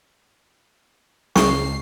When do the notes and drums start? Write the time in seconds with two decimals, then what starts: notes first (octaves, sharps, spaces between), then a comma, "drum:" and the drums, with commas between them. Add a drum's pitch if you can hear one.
1.36 C#2 C#6 C7, drum: snare